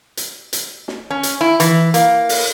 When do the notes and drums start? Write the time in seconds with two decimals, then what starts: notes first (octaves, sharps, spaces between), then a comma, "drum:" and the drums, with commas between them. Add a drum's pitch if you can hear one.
0.17 drum: hi-hat
0.53 drum: hi-hat
0.88 drum: snare
1.10 C#4
1.23 drum: hi-hat
1.41 E4
1.60 E3, drum: hi-hat
1.94 A#3, drum: hi-hat
2.29 drum: open hi-hat